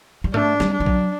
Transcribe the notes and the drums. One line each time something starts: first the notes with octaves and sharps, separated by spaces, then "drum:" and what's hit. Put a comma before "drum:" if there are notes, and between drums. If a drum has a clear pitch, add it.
G3
A3 D4, drum: tom G#2
G3, drum: snare
D4
G3
F#3, drum: kick A#1